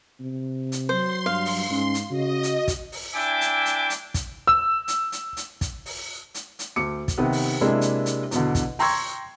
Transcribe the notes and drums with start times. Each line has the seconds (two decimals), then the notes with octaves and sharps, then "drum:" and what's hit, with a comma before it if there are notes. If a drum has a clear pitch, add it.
0.20 C3
0.72 drum: hi-hat
0.89 F#3 C5 C6
1.26 G2 F5
1.45 drum: open hi-hat
1.70 G#2 C#4
1.94 drum: hi-hat
2.11 C#3 F#4 D#5
2.43 drum: hi-hat
2.68 drum: kick, hi-hat
2.92 drum: open hi-hat
3.15 D4 E4 E5 G5 G#5 D6
3.41 drum: hi-hat
3.65 drum: hi-hat
3.90 drum: hi-hat
4.14 drum: kick, hi-hat
4.47 E6
4.88 drum: hi-hat
5.12 drum: hi-hat
5.37 drum: hi-hat
5.61 drum: kick, hi-hat
5.86 drum: open hi-hat
6.35 drum: hi-hat
6.59 drum: hi-hat
6.76 D2 D6 C#7
7.08 drum: kick, hi-hat
7.18 C3 D#3 B3
7.32 drum: open hi-hat
7.61 C3 G#3 A#3 D4 E4
7.81 drum: hi-hat
8.06 drum: hi-hat
8.31 E2 B2 D3, drum: hi-hat
8.55 drum: kick, hi-hat
8.79 G5 A#5 C6 C#6 E6 G#6, drum: open hi-hat